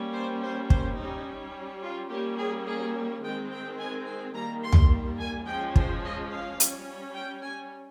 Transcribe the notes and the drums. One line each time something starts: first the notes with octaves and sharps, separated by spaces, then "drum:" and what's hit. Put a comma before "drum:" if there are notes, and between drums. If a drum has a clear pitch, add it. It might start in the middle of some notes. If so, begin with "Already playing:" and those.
Already playing: G3 A#3 C#4
C5
C5
C5, drum: kick
G3 C#4 D#4
F4
G3 A#3 C#4 G4
G#4
G#4
D#3 G#3 C4 G5
G5
G#5
G#5
D#3 G3 A#3 A#5
C6
drum: tom
G#5
F3 G#3 C#4 G5
C5, drum: kick
D#5
F5
G3 C#4, drum: hi-hat
G5
G#5